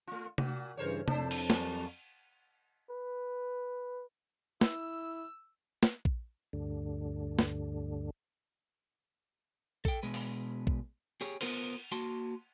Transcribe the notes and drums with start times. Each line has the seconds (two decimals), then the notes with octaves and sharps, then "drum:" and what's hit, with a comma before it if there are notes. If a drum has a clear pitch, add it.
0.07 A3 F4
0.38 A#2 F#4, drum: tom C3
0.77 G2 C#3 E3 A#4 C5 C#5
1.08 F2 D4 E4 C5 A5, drum: tom C3
1.31 drum: cymbal
1.50 F#3 A#3, drum: snare
2.89 B4
4.61 E4 E6, drum: snare
5.83 drum: snare
6.05 drum: kick A#1
6.53 D2 G2 D3
7.39 drum: snare
9.85 A4 G5, drum: kick A#1
10.03 B2 G#3 B4
10.14 drum: open hi-hat
10.67 drum: kick A#1
11.21 G4 G#4 C#5
11.41 B3 F4 A#4 C5, drum: cymbal
11.92 A#3 F#4 A5 C6